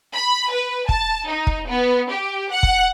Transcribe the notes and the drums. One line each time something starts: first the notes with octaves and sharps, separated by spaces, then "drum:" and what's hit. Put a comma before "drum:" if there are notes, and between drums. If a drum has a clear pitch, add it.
B5
B4
A5, drum: kick
D#4
drum: kick
B3
G4
F#5
drum: kick